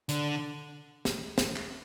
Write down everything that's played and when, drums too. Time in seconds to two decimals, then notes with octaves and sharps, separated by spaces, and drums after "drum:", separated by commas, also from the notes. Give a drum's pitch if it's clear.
0.09 D3, drum: hi-hat
1.05 drum: snare
1.38 drum: snare
1.56 drum: clap